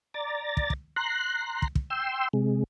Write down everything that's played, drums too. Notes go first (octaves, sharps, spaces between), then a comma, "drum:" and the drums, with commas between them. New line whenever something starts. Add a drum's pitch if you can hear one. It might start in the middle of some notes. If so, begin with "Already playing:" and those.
D5 A#5 A6
drum: kick
drum: kick
A#5 C6 F#6
drum: kick
drum: kick
G5 C6 E6
C3 G#3